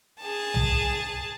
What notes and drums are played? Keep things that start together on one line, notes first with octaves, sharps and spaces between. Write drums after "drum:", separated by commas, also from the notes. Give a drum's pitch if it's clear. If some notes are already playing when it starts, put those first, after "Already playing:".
G#4 A5
drum: tom C2